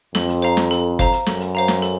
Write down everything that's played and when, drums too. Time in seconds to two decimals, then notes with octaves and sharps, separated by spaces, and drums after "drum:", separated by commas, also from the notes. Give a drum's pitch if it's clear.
0.15 F2 A4, drum: snare
0.29 drum: hi-hat
0.42 C5 F5 A#5
0.57 drum: snare
0.71 A4, drum: hi-hat
0.99 C5 F5 A#5, drum: kick, hi-hat
1.13 drum: hi-hat
1.26 F#2 A4, drum: snare
1.40 drum: hi-hat
1.55 C5 F5 A#5
1.68 drum: snare
1.82 A4, drum: hi-hat